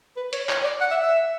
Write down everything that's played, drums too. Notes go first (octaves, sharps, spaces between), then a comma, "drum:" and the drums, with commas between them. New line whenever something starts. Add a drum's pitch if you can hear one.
B4
C#5, drum: hi-hat
C#5, drum: clap
D5
F#5
E5
E5